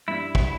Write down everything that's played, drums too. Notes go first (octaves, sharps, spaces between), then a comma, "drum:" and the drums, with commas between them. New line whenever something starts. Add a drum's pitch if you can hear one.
G2 G3 D4 E4
drum: kick